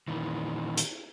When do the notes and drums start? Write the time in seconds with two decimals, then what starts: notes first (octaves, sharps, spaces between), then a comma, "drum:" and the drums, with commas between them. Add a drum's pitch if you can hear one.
0.08 A#2 D#3 E3
0.77 drum: hi-hat